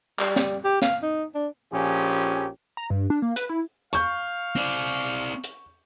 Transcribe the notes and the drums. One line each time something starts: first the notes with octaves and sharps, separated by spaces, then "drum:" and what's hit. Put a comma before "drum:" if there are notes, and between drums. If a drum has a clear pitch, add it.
G3, drum: clap
drum: snare
G4
F5, drum: snare
D#4
D4
A#1 A#2 F3 C#4 G4 G#4
A#5
G2
D4
A#3
B4, drum: hi-hat
E4
F5 C#6 G6, drum: hi-hat
C4 D5
drum: hi-hat